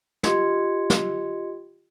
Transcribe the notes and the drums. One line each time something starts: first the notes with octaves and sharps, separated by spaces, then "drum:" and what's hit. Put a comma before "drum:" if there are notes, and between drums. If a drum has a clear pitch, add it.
F4 G4 D#5 C6 G#6 C#7, drum: snare
drum: snare